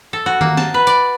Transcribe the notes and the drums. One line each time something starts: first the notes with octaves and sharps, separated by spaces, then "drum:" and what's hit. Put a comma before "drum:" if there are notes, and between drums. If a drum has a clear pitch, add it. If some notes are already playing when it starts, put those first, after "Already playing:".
A4
F#4
A#3, drum: tom D#3
A5, drum: snare
B4
D5, drum: hi-hat